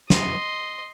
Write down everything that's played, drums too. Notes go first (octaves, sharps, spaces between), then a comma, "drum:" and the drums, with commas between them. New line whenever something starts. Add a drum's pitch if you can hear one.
D#5 C6, drum: snare